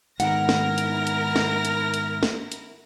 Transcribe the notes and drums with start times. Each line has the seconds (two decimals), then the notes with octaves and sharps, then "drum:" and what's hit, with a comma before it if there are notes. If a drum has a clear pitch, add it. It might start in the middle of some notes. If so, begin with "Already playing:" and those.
0.20 G#2 D#3 B3 E4 A#4 F#5 F6 A#6, drum: hi-hat
0.49 drum: snare
0.78 drum: hi-hat
1.07 drum: hi-hat
1.36 drum: snare
1.65 drum: hi-hat
1.94 drum: hi-hat
2.23 drum: snare
2.52 drum: hi-hat